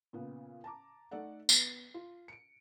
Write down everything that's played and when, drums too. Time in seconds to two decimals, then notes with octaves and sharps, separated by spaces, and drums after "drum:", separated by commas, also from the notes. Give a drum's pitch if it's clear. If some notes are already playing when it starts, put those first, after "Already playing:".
0.13 A#2 C#3 B3
0.64 A5 A#5 D6
1.11 A3 D#4 A4 D5 F#5
1.49 B3, drum: tambourine
1.94 F4
2.28 C#7 D7